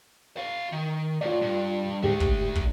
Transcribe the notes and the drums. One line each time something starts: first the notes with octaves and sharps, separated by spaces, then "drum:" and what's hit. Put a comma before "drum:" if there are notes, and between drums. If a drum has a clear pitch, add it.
F#4 F5
D#3
A2 F4 D5
G2
D2 G#2 A3 D4 G4
drum: kick
drum: kick